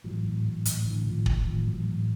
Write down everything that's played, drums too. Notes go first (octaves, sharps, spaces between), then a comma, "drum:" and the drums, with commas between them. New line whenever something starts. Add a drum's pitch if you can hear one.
A2 E3 F#3
A2
A2
A2, drum: hi-hat
A2 D3 E3
A2 D#3 F3
A2, drum: kick
A2 D#3 F3
A2 E3 F#3
A2